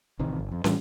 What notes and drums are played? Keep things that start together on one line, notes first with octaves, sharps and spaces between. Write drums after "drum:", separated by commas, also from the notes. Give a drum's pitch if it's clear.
A1 C3 D#3
G1
F2
A2 E3 G3, drum: snare